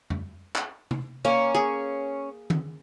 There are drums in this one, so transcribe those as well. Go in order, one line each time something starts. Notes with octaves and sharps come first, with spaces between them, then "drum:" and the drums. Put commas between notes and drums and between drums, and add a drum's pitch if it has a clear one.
drum: tom F2
drum: clap
drum: tom C3
A#3 C#4
G#4
drum: tom D#3